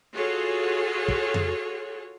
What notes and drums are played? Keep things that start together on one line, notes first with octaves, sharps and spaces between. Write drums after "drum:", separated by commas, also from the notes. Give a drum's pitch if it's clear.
F4 F#4 G#4 A4 C#5
drum: kick
drum: tom F2